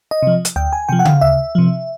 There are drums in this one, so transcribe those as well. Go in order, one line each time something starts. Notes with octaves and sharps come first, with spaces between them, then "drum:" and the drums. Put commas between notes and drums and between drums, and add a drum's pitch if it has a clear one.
D#5
C3 F3
drum: hi-hat
D2 G5
G#5
C3 F3 G5
F#5
F5, drum: tom C#3
D2 E5
C3 F3